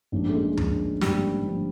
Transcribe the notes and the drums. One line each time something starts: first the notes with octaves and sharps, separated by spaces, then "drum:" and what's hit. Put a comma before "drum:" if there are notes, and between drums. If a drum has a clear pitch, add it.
A1 G#2 F3 A#3 D4
A3
G#3
A1 G#2 F3 A#3 D4, drum: tom D2
A1 G#2 F3 G3 A#3 D4, drum: snare
F3 A#3 D4